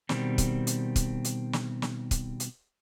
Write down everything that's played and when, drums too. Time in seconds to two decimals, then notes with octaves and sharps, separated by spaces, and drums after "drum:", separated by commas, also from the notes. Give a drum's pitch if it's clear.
0.09 B2 D#3 G3 C4, drum: snare
0.38 drum: kick C#1, hi-hat
0.67 drum: hi-hat
0.96 drum: kick C#1, hi-hat
1.24 drum: hi-hat
1.53 drum: snare
1.82 drum: snare
2.11 drum: kick C#1, hi-hat
2.40 drum: hi-hat